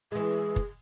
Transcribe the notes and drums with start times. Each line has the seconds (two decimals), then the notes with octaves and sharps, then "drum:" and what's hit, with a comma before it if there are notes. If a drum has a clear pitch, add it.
0.12 E3 G#3 G#4
0.56 drum: kick